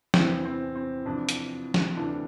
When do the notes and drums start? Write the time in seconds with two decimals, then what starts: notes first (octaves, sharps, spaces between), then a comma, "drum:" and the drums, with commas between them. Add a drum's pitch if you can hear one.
0.14 E2 C3 E3 C4 E4, drum: snare
0.45 C4
0.76 C4
1.05 F2 C3 E3 D4
1.29 drum: hi-hat
1.74 drum: snare
1.97 D2 C3 E3 D4